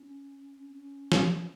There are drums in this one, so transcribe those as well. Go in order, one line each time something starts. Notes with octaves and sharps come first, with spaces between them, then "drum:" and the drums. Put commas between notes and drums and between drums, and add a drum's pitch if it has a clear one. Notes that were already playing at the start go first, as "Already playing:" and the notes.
Already playing: C#4
C#4
drum: snare